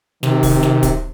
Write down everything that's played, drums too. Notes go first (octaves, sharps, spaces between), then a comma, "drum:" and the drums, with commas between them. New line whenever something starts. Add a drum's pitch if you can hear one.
C3 D#3, drum: snare
drum: kick, open hi-hat
drum: snare
drum: kick, hi-hat